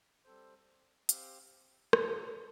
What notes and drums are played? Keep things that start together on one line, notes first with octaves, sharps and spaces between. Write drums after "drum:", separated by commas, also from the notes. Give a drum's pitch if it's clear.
G3 C4 A4 C5
C4 G4 F5, drum: hi-hat
F4 A4 C5, drum: rim click